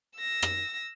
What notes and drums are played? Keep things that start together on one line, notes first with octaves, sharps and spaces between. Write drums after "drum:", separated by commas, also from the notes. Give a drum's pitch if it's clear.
E6 A#6
drum: rim click